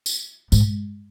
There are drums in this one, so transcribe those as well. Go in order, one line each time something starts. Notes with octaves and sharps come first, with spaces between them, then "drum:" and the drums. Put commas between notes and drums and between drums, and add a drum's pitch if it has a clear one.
drum: tambourine
G#2, drum: tambourine